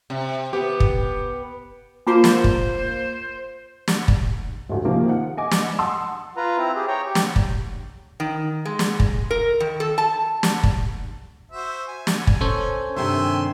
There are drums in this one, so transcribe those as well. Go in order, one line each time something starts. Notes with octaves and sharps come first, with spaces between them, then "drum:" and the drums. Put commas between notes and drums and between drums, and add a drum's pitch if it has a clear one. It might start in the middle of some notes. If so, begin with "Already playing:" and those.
C3
B3 G4
drum: kick
A#3 F4 C5 A5
drum: snare
drum: kick
drum: snare
drum: kick
A1 D2
C3 D#3 F3 A#3
F#5
D#5 G#5 D6
drum: snare
F#5 A5 C6 D#6 E6
F4 B4 A#5
C4 E4 A#5
G4 G#4
C#5 G5 A#5
G4
drum: snare
drum: kick
D#3
G#3
drum: snare
drum: kick
A#4
D#3
A4
A5
drum: snare
drum: kick
F#4 C5 E5
G#5
drum: snare
drum: kick
C#4 A4 C5 C#5
G2 C3 D#3 E5 G#5 C6